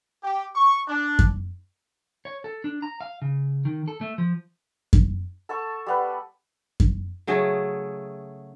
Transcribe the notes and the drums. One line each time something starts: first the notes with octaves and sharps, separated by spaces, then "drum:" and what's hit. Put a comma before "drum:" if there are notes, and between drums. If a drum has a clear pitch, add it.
G4
C#6
D4
drum: kick F#2
C#5
A4
D4
A#5
F5
C#3
D#3
A4
A3
F3
drum: kick F#2
A4 A5 C#6
G3 B3 B4
drum: kick F#2
C#3 F#3 A3 G#4